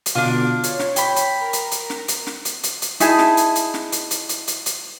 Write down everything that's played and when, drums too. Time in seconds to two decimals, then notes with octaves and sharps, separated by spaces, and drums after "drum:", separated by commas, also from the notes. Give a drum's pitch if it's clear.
0.06 drum: hi-hat
0.15 B2 D3 D4 F4 D7
0.63 C#5, drum: hi-hat
0.79 drum: snare
0.96 G5 B5, drum: hi-hat
1.16 drum: hi-hat
1.41 A#4
1.53 drum: hi-hat
1.71 drum: hi-hat
1.90 drum: snare
2.08 drum: hi-hat
2.27 drum: snare
2.45 drum: hi-hat
2.63 drum: hi-hat
2.82 drum: hi-hat
3.00 D#4 E4 G#4 A5, drum: hi-hat
3.19 drum: snare
3.37 drum: hi-hat
3.55 drum: hi-hat
3.74 drum: snare
3.92 drum: hi-hat
4.11 drum: hi-hat
4.29 drum: hi-hat
4.47 drum: hi-hat
4.66 drum: hi-hat